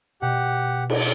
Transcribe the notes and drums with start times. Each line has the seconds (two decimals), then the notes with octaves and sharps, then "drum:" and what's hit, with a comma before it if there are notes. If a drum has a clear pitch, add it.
0.22 B2 G4 F#5
0.90 drum: cymbal